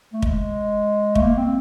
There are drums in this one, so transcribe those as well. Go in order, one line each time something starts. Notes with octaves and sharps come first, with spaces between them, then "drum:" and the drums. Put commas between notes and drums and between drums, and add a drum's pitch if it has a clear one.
A3
G#3, drum: kick
A3, drum: kick
A#3
C4